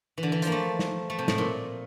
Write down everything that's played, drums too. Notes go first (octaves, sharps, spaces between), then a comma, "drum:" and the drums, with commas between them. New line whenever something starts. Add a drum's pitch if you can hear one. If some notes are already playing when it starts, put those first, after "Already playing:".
E3
D3
E3
F3 A#3, drum: hi-hat
A3
drum: snare
A3
C3
A2, drum: snare
A#2